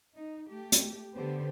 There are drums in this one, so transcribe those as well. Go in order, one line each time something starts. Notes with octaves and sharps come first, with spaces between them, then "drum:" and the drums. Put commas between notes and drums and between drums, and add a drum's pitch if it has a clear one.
D#4
A3 G4
drum: hi-hat
D3 B3 G4 C5